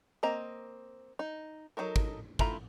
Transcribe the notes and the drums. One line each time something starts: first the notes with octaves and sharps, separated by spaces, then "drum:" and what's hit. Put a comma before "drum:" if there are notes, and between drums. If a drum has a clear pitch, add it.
A#3 C4 D#5 A#5
D#4
F#3 D#4 A4 A#4
drum: kick
A3 E4 F4 A#5 B5, drum: kick